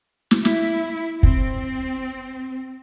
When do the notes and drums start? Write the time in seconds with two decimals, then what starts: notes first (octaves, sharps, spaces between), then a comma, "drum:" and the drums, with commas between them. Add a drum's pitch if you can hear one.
0.31 drum: snare
0.45 E4, drum: snare
1.23 C4, drum: kick